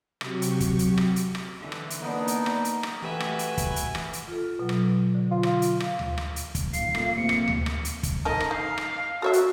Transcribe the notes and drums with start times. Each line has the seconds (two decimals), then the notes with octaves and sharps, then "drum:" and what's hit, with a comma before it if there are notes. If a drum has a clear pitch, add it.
0.21 C3 F#3 F#4 G4 C#6, drum: rim click
0.42 drum: hi-hat
0.60 drum: kick, hi-hat
0.79 drum: hi-hat
0.98 drum: rim click
1.16 drum: hi-hat
1.35 drum: rim click
1.58 D3 E3
1.72 drum: rim click
1.90 drum: hi-hat
2.02 A#3 B3 D4 D#4
2.28 drum: hi-hat
2.46 drum: rim click
2.65 drum: hi-hat
2.83 drum: rim click
3.02 E3 A3 F#4 G4 B4 E5 G#5
3.20 drum: rim click
3.39 drum: hi-hat
3.58 drum: kick, hi-hat
3.76 drum: hi-hat
3.95 drum: rim click
4.13 drum: hi-hat
4.28 F4 A4
4.59 B2 F#3
4.69 drum: rim click
5.15 D3
5.31 F4
5.43 drum: rim click
5.62 drum: hi-hat
5.80 drum: rim click
5.99 drum: tom D2
6.18 drum: rim click
6.36 drum: hi-hat
6.55 drum: kick, hi-hat
6.73 D#1 G#1 F5 C7, drum: hi-hat
6.95 A#2 A3 C7, drum: rim click
7.17 F1 C3 A#3 C#7
7.29 drum: rim click
7.48 drum: tom D2
7.66 drum: rim click
7.85 drum: hi-hat
8.03 drum: kick, hi-hat
8.25 D#4 A4 A#4 D#5
8.40 drum: rim click
8.51 D#4 F5
8.78 drum: rim click
9.22 F#4 A4 C#5 E5
9.33 drum: hi-hat